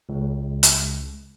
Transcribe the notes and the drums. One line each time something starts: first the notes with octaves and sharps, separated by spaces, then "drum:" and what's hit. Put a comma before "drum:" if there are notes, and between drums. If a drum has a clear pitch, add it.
C#2
drum: hi-hat